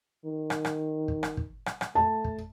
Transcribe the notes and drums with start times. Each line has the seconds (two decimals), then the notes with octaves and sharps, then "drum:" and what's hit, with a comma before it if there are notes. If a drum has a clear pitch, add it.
0.25 D#3
0.50 drum: rim click
0.65 drum: rim click
1.08 drum: kick
1.23 drum: rim click
1.37 drum: kick
1.66 drum: rim click
1.81 drum: rim click
1.95 A3 A5
2.24 drum: kick